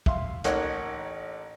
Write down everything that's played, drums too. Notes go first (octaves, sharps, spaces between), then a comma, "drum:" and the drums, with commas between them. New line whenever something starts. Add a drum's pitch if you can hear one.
E5 F5 C6, drum: kick
A1 A#3 D#4 C#5 F#5, drum: hi-hat